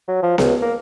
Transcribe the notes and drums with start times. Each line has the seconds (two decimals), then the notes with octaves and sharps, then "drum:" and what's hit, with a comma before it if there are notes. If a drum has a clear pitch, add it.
0.08 F#3
0.22 F3
0.38 C#2, drum: snare B3
0.62 A#3